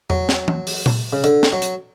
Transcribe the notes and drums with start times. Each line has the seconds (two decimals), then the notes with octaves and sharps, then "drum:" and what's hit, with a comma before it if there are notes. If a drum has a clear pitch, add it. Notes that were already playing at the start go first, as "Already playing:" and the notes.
0.10 F#3, drum: tom E2
0.29 drum: snare
0.48 drum: tom E3
0.67 drum: open hi-hat
0.86 drum: tom A#2
1.13 C#3
1.24 D3, drum: hi-hat
1.43 drum: snare
1.53 F#3
1.62 drum: hi-hat